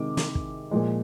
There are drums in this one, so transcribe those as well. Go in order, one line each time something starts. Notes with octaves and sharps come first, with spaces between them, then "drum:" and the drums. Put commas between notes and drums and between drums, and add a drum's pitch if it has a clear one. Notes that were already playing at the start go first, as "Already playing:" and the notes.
Already playing: C3 D#3 G#3 D6
drum: snare
drum: kick
A#2 F3 G#3